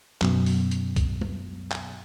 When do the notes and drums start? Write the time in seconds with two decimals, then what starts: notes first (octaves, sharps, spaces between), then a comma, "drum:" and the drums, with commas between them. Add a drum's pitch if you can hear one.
0.21 F#2 B2, drum: clap
0.46 drum: open hi-hat
0.71 drum: hi-hat
0.96 drum: kick, hi-hat
1.21 drum: tom G3
1.71 drum: clap